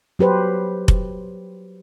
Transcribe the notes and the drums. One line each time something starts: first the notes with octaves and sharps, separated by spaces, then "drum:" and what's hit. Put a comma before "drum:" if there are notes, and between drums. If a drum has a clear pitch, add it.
F#3 G4 B4 C5
drum: kick F1